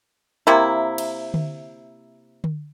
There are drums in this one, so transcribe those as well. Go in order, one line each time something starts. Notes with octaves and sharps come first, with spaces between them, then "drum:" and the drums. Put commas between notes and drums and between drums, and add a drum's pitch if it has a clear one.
C3 A#3 E4
drum: cymbal
drum: tom D3
drum: tom D3